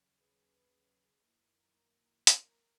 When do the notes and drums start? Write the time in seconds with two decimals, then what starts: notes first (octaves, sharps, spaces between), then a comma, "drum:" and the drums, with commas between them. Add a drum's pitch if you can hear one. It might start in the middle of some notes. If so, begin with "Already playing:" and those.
Already playing: D#2 C#3 F#3 C#4
0.17 G#4 B4
1.22 F#2 D#3 F#3 A#3 E4
1.58 A#4
2.27 A#4, drum: hi-hat